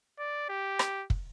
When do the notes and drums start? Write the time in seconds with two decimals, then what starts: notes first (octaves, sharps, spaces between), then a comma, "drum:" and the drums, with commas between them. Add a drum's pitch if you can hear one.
0.19 D5
0.49 G4
0.79 drum: rim click
1.10 drum: kick